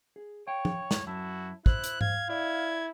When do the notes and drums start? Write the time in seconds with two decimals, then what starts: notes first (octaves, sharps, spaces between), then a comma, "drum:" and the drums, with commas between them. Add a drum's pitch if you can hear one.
0.16 G#4
0.47 C#5 F5 G5
0.65 drum: tom
0.91 drum: snare
1.07 F#2 E4 F#4 A5
1.66 E4 C5 F#6, drum: kick
1.84 drum: hi-hat
2.01 F5 G#6, drum: tom G#2
2.30 E4 D5 G#6